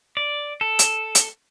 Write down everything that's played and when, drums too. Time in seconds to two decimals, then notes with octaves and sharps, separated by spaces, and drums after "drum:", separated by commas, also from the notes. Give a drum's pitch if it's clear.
0.17 D5
0.61 A4
0.79 drum: hi-hat
1.15 drum: hi-hat